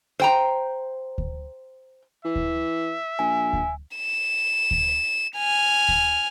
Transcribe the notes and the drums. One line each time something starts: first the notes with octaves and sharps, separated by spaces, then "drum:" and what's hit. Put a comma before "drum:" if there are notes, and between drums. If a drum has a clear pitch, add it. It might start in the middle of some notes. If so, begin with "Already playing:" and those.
C5 G5 A#5
drum: kick D2
E3 E5
drum: kick D2
A#1 G#5
drum: kick D2
E7
drum: kick D2
G#5 F6
drum: kick D2